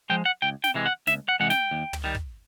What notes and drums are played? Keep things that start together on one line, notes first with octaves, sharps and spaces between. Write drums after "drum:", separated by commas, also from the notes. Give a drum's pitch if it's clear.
F3 G#3 G5
F#5
C#2 G5
G5, drum: snare
C3 E3 G#3
F#5
C#2 E5, drum: snare
F#5
C3 E3 G#3 F#5
G5, drum: snare
D#2
drum: tom
D#3 G3
drum: kick